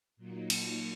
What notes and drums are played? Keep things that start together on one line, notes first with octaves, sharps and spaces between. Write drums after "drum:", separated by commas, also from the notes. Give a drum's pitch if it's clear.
A#2 F#3 A#3 D#4
drum: cymbal